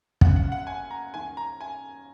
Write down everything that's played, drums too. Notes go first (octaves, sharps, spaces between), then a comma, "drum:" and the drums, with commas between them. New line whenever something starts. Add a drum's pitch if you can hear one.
F#2 C#3 F#5, drum: kick
F#5
F#5
G#5
A#5
F#2 D#3 G#5
A#5
G#5